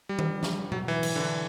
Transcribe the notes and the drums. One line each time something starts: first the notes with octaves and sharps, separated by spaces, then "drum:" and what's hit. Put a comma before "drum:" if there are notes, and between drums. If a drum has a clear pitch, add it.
G3
drum: tom D#3
drum: snare
F#3, drum: tom B2
E3
drum: cymbal
D3
E3